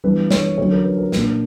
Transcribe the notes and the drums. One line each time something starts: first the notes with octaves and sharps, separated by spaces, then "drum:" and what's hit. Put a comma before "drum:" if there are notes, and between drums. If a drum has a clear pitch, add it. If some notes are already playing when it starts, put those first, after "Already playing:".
E3 G3 B3 D4 B4
C#5, drum: snare
D3 F#3 C#4 C#5
A#4
B4
A#4
A#2 A#3 D4, drum: snare